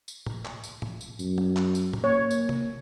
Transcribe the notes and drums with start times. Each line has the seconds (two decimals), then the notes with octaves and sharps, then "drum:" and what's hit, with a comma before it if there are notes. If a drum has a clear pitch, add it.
0.08 drum: tambourine
0.26 drum: tom
0.45 drum: clap
0.64 drum: tambourine
0.82 drum: tom
1.01 drum: tambourine
1.19 F#2, drum: tambourine
1.38 drum: tom
1.56 drum: clap
1.75 drum: tambourine
1.93 drum: tom
2.04 A#3 C#5
2.31 drum: tambourine
2.49 drum: tom